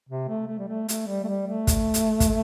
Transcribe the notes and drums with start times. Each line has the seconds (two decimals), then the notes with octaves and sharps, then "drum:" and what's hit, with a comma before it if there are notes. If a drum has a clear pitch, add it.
0.09 C3
0.28 A3
0.48 A3
0.59 G3
0.68 A3
0.88 A3, drum: hi-hat
1.07 G3
1.24 A3
1.28 G3
1.47 A3
1.67 drum: kick, hi-hat
1.94 drum: hi-hat
2.20 drum: kick, hi-hat